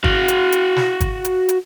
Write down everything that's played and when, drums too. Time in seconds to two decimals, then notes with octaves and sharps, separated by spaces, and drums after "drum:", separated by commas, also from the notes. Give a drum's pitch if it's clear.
0.04 F#4 F5, drum: kick
0.28 drum: hi-hat
0.52 drum: hi-hat
0.76 drum: snare
1.00 drum: kick, hi-hat
1.25 drum: hi-hat
1.49 drum: hi-hat